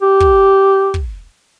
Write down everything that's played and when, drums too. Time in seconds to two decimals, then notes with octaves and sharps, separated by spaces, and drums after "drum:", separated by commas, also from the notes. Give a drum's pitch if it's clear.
0.02 G4
0.20 drum: kick
0.94 drum: kick